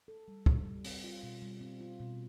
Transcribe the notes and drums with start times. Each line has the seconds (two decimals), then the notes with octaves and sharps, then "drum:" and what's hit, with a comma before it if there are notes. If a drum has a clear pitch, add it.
0.08 A4
0.28 G3
0.46 G3, drum: kick
0.66 G3
0.84 C4, drum: open hi-hat
1.04 F4
1.23 B2
1.42 G3
1.61 C4
1.81 F4
2.00 B2